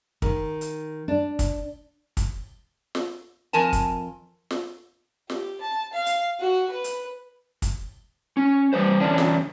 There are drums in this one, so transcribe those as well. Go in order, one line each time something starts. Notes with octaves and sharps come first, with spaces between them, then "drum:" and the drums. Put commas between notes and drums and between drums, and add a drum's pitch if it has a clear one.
D#3, drum: kick
drum: hi-hat
D4
drum: kick, hi-hat
drum: kick, hi-hat
drum: snare
F2 A#4 G#5 A5
drum: kick, hi-hat
drum: snare
G4, drum: snare
A5
F5
drum: hi-hat
F#4
B4
drum: hi-hat
drum: kick, hi-hat
C#4
G3 B4 C5
E2 D3 C#4 D4
drum: snare